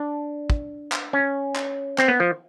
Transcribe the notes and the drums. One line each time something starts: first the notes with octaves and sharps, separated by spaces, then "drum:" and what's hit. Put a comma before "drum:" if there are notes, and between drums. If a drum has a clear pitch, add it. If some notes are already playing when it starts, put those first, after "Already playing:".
Already playing: D4
drum: kick
drum: clap
C#4
drum: clap
C4, drum: clap
B3
F3